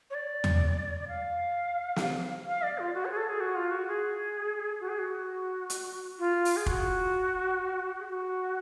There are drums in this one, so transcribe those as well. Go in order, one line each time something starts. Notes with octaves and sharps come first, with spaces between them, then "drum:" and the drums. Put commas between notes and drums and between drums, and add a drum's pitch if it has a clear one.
C#5
D5
drum: tom E2
D5
F5
drum: snare
F5
D5
F4
F#4
C#5
G#4
A4
G#4
F#4
F4
F#4
G#4
F#4
G#4
F#4
drum: hi-hat
F4
drum: open hi-hat
G#4
F#4, drum: kick
G#4
F#4